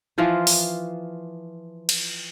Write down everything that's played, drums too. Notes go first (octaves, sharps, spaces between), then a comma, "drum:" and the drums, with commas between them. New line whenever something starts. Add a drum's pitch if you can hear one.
E3 F3 F4 C5
drum: open hi-hat
drum: cymbal